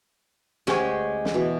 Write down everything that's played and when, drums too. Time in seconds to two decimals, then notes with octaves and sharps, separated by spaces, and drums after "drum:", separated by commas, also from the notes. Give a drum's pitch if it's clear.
0.67 D2 G#3 C#4 G4 F#5, drum: snare
1.25 drum: snare
1.34 B2 E3